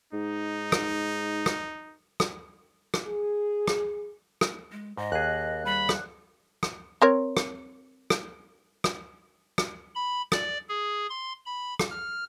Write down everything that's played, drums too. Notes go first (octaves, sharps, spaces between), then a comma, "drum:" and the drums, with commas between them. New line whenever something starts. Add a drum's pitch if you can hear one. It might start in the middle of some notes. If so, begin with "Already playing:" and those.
G#2 D#4
drum: rim click
drum: rim click
drum: rim click
drum: rim click
G#4
drum: rim click
drum: rim click
G#3
G#2 D#5
D#2 G#4 F#6
G3 B5
drum: rim click
drum: rim click
C4 A#4 C#5
drum: rim click
drum: rim click
drum: rim click
drum: rim click
B5
D5, drum: rim click
G#4
C6
B5
drum: rim click
F6